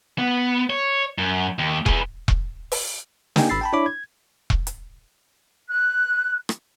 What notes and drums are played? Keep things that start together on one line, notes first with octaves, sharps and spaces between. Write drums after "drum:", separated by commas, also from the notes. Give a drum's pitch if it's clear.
B3
C#5
F#2
D#2
G#4 B4, drum: kick E1
drum: kick E1
drum: open hi-hat
A#3 D#4 G4 G5 G#5, drum: snare
G#1 B5 E6 A6 C7
G5 A5 B5
D4 E4 C#5 B5 D6
G#6
drum: kick E1
drum: hi-hat
F#6
drum: rim click